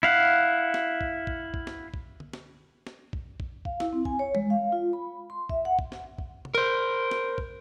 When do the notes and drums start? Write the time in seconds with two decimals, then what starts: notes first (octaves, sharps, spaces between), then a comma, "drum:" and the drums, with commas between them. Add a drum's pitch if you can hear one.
0.03 E4 F5 F#5
0.74 drum: snare
1.01 drum: kick
1.27 drum: kick
1.54 drum: kick
1.67 drum: snare
1.94 drum: kick
2.20 drum: tom D3
2.33 drum: snare
2.87 drum: snare
3.13 drum: kick
3.40 drum: kick
3.65 F5, drum: kick
3.80 E4, drum: snare
3.93 C4
4.05 G#5, drum: kick
4.19 C#5
4.35 G#3, drum: tom E3
4.50 F5
4.72 F4
4.93 B5
5.30 C6
5.49 E5, drum: kick
5.65 F#5
5.79 drum: kick
5.92 drum: snare
6.18 drum: kick
6.45 drum: tom C3
6.55 A#4 C5
7.11 drum: snare
7.38 drum: kick